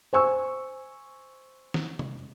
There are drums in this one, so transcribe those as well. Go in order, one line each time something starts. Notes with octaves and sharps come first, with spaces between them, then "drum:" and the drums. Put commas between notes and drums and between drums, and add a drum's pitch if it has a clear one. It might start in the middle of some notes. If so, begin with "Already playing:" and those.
C5 G#5 C#6 E6
drum: snare
drum: tom C3